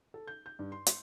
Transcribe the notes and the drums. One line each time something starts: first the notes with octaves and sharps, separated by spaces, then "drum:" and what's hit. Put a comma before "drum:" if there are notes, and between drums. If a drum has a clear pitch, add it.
A4
G6
G6
G2
C6
C6, drum: hi-hat